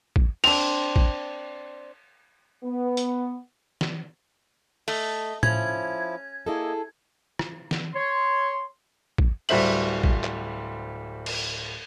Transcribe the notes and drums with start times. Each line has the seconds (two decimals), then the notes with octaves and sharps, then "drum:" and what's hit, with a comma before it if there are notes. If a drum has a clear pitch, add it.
0.16 drum: kick
0.44 C4 D4 F7, drum: cymbal
0.96 drum: kick
2.64 B3
2.97 drum: hi-hat
3.81 drum: snare E3
4.88 A3 D#5, drum: open hi-hat
5.43 F3 C#4 E4 G#6, drum: tom A2
6.46 A#3 E4 G#4 A4 D#5
7.39 drum: rim click
7.71 drum: snare E3
7.94 C#5 C6
9.18 drum: kick
9.49 D1 G3 F#4 C5 E5 F#7, drum: cymbal
10.04 drum: kick
10.24 drum: clap
11.26 drum: cymbal